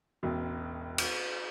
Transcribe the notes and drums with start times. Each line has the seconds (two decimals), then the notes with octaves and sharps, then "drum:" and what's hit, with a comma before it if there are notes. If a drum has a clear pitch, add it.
0.23 E1 A1 B2
0.98 drum: cymbal